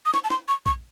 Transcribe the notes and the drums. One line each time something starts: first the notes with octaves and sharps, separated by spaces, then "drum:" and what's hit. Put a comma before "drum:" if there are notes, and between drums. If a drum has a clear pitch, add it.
D#6
C#6, drum: snare
A5
C6, drum: snare
C#6
C#6, drum: kick A#1